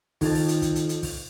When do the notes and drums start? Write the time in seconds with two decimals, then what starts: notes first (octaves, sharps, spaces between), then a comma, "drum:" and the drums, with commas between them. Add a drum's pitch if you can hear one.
0.21 F2 D#3 A5, drum: kick, open hi-hat
0.35 drum: open hi-hat
0.48 drum: hi-hat
0.62 drum: kick, hi-hat
0.75 drum: hi-hat
0.89 drum: hi-hat
1.03 drum: kick, open hi-hat